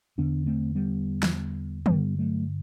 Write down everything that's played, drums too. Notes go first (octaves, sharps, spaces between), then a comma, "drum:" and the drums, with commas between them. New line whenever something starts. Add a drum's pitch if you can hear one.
E2 D3 B3 D4
A3 C4
G3 B3
drum: snare
C4, drum: tom
G2 D3 G3 B3
F#3 A3